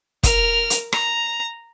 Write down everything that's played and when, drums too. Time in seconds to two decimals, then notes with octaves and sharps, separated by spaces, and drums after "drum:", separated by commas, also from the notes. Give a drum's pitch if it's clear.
0.23 A#4 F6, drum: kick, hi-hat
0.70 drum: hi-hat
0.93 A#5, drum: rim click